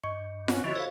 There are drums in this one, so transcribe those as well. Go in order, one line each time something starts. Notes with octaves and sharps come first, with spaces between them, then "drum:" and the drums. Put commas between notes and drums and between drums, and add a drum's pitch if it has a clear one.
G2 D#5 C#6 C#7
B3 C#4 F#4, drum: snare F4
D3 F3 E4 F#4 C#5 D#5 E5 C#6
F#4 A4 C5 D#5 F5